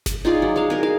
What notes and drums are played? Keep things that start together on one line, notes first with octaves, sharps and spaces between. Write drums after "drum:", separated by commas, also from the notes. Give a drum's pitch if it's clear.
drum: snare G1
D#4 F4 G#4 D5
F#3
G#3 F5
G#4 A#4 F5
F5, drum: tom